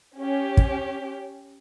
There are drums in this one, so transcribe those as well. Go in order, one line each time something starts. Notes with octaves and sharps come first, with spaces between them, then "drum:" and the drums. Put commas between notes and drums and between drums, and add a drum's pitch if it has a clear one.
C#4 G4
drum: kick